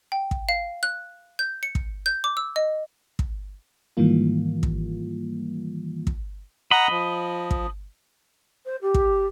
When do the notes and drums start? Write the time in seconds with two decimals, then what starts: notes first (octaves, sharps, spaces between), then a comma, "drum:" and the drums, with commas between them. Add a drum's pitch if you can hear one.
0.12 G5
0.31 drum: kick
0.49 F5
0.83 F#6
1.39 G6
1.63 C#7
1.75 drum: kick
2.06 G6
2.24 D6
2.37 E6
2.56 D#5
3.19 drum: kick
3.97 G#2 D#3 E3 G3 A#3 F4
4.63 drum: kick
6.07 drum: kick
6.71 D#5 F#5 A#5 B5
6.91 F3
7.51 drum: kick
8.66 C5
8.82 G4
8.94 drum: kick